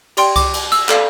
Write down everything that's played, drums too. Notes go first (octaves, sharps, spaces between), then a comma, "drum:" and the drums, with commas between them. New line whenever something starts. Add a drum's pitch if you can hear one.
G4 D5 G5 C6, drum: cymbal
D6, drum: kick C2, cymbal
drum: cymbal
E6, drum: cymbal
A4 D5 F5, drum: clap